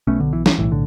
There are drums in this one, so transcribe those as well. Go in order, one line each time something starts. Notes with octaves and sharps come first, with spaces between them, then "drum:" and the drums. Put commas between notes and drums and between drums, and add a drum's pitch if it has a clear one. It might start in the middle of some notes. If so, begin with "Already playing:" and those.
B1 B2 A3 C#4
D3
E3
E3, drum: snare
B1 A2 E3
D3